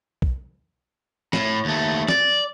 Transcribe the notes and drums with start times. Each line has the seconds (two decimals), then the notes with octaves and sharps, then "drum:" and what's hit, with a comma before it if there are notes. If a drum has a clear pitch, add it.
0.22 drum: kick B1
1.33 A2, drum: snare
1.65 D#2 A3
2.08 D5, drum: snare